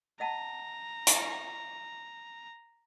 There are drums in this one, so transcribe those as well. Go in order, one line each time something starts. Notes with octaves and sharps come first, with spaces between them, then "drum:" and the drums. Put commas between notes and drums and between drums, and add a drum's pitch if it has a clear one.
D#5 F#5 A5 A#5
drum: hi-hat